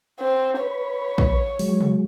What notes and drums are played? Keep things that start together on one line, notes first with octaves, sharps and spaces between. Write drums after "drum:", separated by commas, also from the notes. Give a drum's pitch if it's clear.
C4
B4 C#5
drum: kick
F#3 G#3, drum: open hi-hat
drum: tom C3